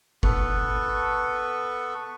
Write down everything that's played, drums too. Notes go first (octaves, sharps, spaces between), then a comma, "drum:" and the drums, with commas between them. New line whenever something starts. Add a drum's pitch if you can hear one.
B3 A4 B4 C#6, drum: kick F#1